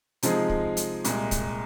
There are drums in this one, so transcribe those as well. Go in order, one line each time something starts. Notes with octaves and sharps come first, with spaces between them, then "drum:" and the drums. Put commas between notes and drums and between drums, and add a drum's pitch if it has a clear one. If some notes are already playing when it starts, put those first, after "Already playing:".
C3 F3 G#3 D#4 G#4, drum: hi-hat
drum: kick
drum: hi-hat
C2 A#2 G#3, drum: hi-hat
drum: kick, hi-hat